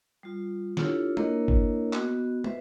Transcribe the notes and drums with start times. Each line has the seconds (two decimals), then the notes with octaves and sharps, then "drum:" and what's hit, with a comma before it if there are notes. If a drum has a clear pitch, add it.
0.23 G3 F4
0.77 D4 E4 F4 G4 A4 C#5, drum: snare
1.17 A#3 D4 E4 A#4 C#5 D#5, drum: tom
1.48 drum: kick
1.93 B3 F#4 D#5, drum: clap
2.44 B4 C5 E5, drum: tom